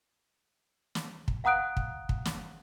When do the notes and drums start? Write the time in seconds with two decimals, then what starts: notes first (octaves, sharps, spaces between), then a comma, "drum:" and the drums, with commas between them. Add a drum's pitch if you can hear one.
0.95 drum: snare
1.28 drum: kick
1.44 F5 F#5 A#5 D#6 F#6 D7
1.77 drum: kick
2.09 drum: kick
2.25 drum: snare